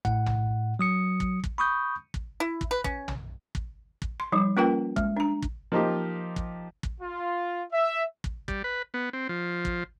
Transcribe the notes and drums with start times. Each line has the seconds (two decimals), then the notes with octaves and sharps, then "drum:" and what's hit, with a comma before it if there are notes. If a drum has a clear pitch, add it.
0.05 A2 F#5, drum: kick
0.26 drum: tom
0.79 F#3 D#6 C#7
1.20 drum: kick
1.44 drum: kick
1.58 B5 C#6 D#6 G6
2.14 drum: kick
2.40 E4
2.61 drum: kick
2.71 B4
2.84 C#4, drum: kick
3.08 drum: tom
3.55 drum: kick
4.02 drum: kick
4.20 C6
4.32 F3 G3 D#4
4.57 A#3 C#4 F4 A#4 B4 G5
4.96 G#3, drum: kick
5.17 D4 A#5
5.42 drum: kick
5.72 F3 A#3 D#4 F4 G4
6.36 drum: kick
6.83 drum: kick
7.01 F4
7.71 E5
8.24 drum: kick
8.48 G3, drum: kick
8.64 B4
8.94 B3
9.13 C4
9.29 F3
9.65 drum: kick